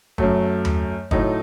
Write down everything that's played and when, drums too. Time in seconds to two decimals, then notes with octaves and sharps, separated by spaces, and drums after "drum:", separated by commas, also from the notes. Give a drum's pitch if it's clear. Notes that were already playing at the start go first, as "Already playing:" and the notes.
0.18 F#2 F#3 A3, drum: kick
0.65 drum: tom D#2
1.11 A2 F#3 A3 D#4, drum: kick